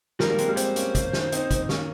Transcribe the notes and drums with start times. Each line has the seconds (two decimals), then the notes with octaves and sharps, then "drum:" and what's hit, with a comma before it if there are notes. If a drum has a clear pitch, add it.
0.20 F3 G#3 A#4, drum: snare
0.29 G3 A#3
0.38 G#3 C4, drum: hi-hat
0.49 G3 A#3
0.57 G#3 C4 C5, drum: hi-hat
0.76 A#3 C#4, drum: hi-hat
0.95 drum: kick, hi-hat
1.13 drum: snare
1.32 C4 D#4, drum: hi-hat
1.51 drum: kick, hi-hat
1.69 A#3 C#4, drum: snare